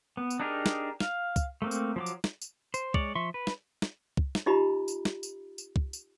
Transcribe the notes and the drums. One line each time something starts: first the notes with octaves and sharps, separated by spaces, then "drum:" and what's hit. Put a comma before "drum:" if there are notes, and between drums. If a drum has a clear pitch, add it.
B3
drum: tambourine
D4 D#4 G4 G#4 A#4
drum: snare
F5, drum: snare
drum: kick, tambourine
A3 A#3 C4
drum: tambourine
F3 F#3 D6
drum: tambourine
drum: snare
drum: tambourine
C5, drum: tambourine
G#3 C#5 D5, drum: kick
F3 E5 C6 C#6
B4
drum: snare
drum: snare
drum: kick
drum: snare
D#4 F4 G4 D#5 A#5 B5
drum: tambourine
drum: snare
drum: tambourine
drum: tambourine
drum: kick
drum: tambourine